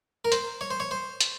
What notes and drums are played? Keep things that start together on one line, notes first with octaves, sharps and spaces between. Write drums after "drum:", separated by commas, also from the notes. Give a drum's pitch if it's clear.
A#4
C5, drum: hi-hat
C#5
C5
C#5
C5
drum: hi-hat